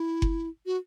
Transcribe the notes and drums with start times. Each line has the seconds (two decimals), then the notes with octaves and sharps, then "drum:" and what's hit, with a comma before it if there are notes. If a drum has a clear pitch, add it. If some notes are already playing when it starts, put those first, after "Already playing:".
Already playing: E4
0.22 drum: kick F#1
0.66 F#4